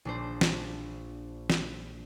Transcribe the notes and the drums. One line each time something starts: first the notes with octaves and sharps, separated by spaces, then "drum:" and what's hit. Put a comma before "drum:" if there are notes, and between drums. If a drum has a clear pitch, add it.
A#1 D4 C5
drum: snare
drum: snare